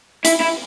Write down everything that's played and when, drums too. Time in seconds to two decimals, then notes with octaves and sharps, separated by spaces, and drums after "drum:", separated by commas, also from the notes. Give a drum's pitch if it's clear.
0.25 E4, drum: hi-hat
0.40 E4